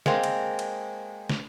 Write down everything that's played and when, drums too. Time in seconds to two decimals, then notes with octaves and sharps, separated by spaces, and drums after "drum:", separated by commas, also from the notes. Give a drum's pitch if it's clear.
0.06 G#3 A#3 C4, drum: snare
0.24 drum: cymbal
0.59 drum: cymbal
1.30 drum: snare